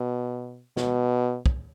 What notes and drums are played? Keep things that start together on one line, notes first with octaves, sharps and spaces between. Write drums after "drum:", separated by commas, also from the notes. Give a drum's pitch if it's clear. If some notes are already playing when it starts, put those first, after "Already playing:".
Already playing: B2
B2, drum: snare
drum: kick